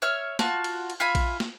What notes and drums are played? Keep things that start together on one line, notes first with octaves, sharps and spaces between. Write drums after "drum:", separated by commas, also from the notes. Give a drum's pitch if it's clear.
C#5 E5 F6
F4 F#4 A5, drum: snare
drum: cymbal
drum: cymbal
F4 E5 G#5 B5
drum: kick A#1, cymbal
drum: snare